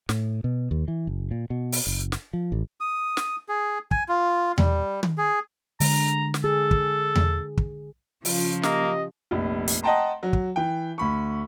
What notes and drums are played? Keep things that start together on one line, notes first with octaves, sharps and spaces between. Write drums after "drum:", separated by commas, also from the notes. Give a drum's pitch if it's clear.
A2, drum: snare
B2
D#2
E3
F#1
A#2
B2
drum: open hi-hat
F#1
drum: snare
F3
A1
D#6
drum: snare
G#4
G#5, drum: kick
F4
G3, drum: tom E2
drum: tom
G#4
D3 G#3 A#5, drum: open hi-hat
drum: snare
G#4 A4
drum: kick
drum: tom E2
drum: kick
C#3 F3 F4, drum: open hi-hat
A#3 G4 D#5, drum: snare
F1 A#1
drum: hi-hat
D#5 F#5 G5 A5 A#5 C6
F#3
drum: kick
E3 G5
D2 B5 C#6